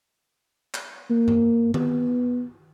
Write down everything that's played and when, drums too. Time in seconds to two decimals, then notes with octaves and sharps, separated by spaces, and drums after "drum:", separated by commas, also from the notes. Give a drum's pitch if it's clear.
0.74 drum: clap
1.10 A#3
1.28 drum: tom G2
1.74 B3, drum: tom D#3